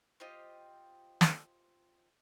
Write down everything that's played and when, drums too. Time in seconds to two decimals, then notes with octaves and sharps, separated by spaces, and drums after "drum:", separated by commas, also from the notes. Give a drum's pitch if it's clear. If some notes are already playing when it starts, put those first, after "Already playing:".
0.20 C4 F4 G4 D#5
1.21 drum: snare